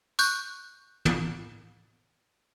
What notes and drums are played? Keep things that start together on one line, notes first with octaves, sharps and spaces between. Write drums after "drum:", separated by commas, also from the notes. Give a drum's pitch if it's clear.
C#6 F#6 G6, drum: tambourine
drum: tom